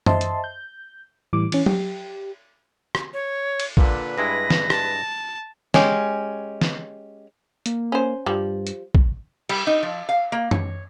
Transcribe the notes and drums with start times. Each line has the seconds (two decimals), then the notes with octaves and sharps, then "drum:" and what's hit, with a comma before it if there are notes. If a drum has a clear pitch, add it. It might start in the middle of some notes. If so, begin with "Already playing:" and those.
0.06 C5 D#5 E5 A5 C6, drum: tom F#2
0.21 drum: hi-hat
0.44 G6
1.33 A2 E3 G3 D6
1.52 E3 C#4, drum: cymbal
1.66 G4, drum: tom F#3
2.95 drum: rim click
3.14 C#5
3.60 drum: cymbal
3.77 A#2 D3 B4, drum: kick A#1
4.18 G2 G#3 E4 A#6
4.50 drum: snare
4.70 A5, drum: rim click
5.74 G#3 C#4 G4, drum: snare
6.61 drum: snare
7.66 A#3, drum: hi-hat
7.92 C#4 C5
8.26 G2 F3 G3
8.67 drum: hi-hat
8.95 drum: kick A#1
9.49 G3, drum: cymbal
9.67 D#4
9.83 F3
10.09 F5
10.32 A#3
10.51 C#5, drum: tom F#2